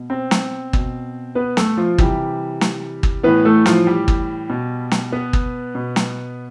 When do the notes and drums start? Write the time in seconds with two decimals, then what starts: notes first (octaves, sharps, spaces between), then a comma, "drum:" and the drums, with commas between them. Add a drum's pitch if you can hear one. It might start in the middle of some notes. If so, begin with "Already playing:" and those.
Already playing: B2
0.10 C4 C5
0.31 drum: snare
0.73 B2, drum: kick
1.35 B3 B4
1.57 A3 A4, drum: snare
1.77 F3 F4
1.98 C3 E3 G3 G4, drum: kick
2.61 drum: snare
3.03 drum: kick
3.23 A2 E3 B3 B4
3.45 A3 A4
3.66 F3 F4, drum: snare
3.87 G3 G4
4.08 drum: kick
4.50 B2
4.91 drum: snare
5.12 B3 B4
5.33 drum: kick
5.75 B2
5.96 drum: snare